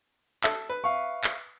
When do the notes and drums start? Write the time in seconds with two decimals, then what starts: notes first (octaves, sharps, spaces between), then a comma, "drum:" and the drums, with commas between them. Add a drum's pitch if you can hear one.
0.44 A4 E5, drum: clap
0.69 B4
0.84 E5 F5 C#6
1.24 drum: clap